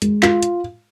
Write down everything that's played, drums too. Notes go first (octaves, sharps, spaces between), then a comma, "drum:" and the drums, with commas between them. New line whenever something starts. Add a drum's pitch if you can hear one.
G#3, drum: hi-hat
F4, drum: clap
drum: hi-hat